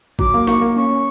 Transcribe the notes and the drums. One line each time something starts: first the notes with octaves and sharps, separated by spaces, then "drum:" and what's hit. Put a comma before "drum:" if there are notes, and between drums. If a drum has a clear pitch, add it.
F#3 D6, drum: kick G#1
A#3
A#3 C#6, drum: snare
A#3
C#4 C#6
C#4